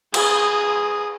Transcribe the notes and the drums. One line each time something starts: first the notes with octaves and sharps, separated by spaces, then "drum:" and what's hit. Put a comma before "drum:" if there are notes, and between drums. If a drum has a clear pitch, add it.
G#4 D#6, drum: cymbal